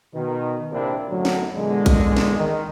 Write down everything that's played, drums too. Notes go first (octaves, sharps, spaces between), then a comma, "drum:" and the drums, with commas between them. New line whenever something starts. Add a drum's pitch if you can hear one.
B2 D#3
A#1 C3 A#3 C4 D4 E4
F#2 A2 D3 F#3
drum: snare
E2 A#2 D3 G#3
drum: kick A#1, cymbal
drum: snare
D#3